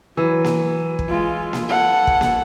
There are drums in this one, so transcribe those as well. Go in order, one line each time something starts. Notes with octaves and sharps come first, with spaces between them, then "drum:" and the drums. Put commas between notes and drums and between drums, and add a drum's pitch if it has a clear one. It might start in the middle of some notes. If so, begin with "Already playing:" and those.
E3 F#3
drum: snare A#3
drum: kick
G#3 F4
drum: snare A#3
A4 F#5
drum: kick
drum: snare A#3